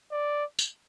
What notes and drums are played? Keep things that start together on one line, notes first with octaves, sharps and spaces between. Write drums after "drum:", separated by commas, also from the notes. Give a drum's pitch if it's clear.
D5
drum: tambourine